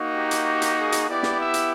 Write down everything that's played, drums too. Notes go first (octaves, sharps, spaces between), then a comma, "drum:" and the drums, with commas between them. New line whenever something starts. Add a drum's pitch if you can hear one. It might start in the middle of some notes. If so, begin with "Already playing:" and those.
Already playing: A#3 D#4 F#4
G4
drum: hi-hat
drum: hi-hat
G#4
drum: hi-hat
B3 E4 G4 D5
drum: snare
E5
drum: hi-hat